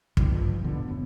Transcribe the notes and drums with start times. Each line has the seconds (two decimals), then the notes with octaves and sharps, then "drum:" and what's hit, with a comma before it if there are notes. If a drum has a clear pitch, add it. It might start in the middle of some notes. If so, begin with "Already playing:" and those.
0.17 D#1 C2 A#2 D#3, drum: kick
0.30 G2 F3
0.64 D#1 B2 D3 B3
0.88 F#2 A2 B3